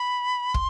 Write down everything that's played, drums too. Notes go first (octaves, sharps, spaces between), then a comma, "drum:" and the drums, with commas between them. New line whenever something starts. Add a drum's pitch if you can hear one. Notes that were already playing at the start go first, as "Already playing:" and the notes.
Already playing: B5
C6, drum: kick